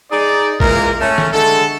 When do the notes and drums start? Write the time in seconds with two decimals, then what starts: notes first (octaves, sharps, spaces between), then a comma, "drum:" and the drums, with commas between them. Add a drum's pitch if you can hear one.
0.11 D#4 G#4 D5
0.60 A#2 C#3 E3 G#3 A#3 A#4, drum: kick
1.01 A3 C#4
1.18 drum: snare
1.33 D3 G#3 F#4 A4